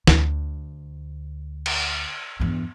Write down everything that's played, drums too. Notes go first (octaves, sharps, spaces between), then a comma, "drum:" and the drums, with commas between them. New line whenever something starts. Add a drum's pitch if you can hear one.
D2, drum: snare
drum: cymbal
E2 G2